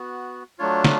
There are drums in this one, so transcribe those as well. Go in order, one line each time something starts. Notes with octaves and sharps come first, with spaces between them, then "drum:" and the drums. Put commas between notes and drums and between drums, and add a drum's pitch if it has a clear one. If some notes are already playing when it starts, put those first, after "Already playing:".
Already playing: B3 F#4
F#3 A3 D4 F4 C#5
drum: snare